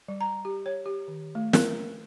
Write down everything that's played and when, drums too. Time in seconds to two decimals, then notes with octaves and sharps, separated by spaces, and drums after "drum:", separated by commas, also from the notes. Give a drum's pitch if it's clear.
0.08 G3
0.21 A#5
0.45 G4
0.66 C#5
0.86 G4
1.08 D#3
1.35 A3
1.53 A#4, drum: snare